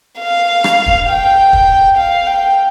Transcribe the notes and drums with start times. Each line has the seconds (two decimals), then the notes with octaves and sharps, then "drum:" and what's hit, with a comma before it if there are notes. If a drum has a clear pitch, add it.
0.19 F5
0.64 drum: rim click
0.86 drum: kick
1.09 G5
1.53 drum: kick
1.97 F5
2.26 G5